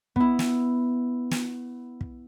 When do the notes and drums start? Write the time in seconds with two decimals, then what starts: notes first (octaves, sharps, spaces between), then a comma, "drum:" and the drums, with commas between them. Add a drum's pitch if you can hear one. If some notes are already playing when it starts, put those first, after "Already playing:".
0.16 B3 E4, drum: kick
0.39 drum: snare
1.31 drum: snare
2.01 drum: kick